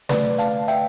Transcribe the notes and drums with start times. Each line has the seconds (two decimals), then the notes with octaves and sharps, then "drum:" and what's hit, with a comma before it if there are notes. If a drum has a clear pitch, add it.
0.09 D3 A3 B4 D5, drum: snare
0.38 F5 A5, drum: hi-hat
0.68 E5 G5, drum: hi-hat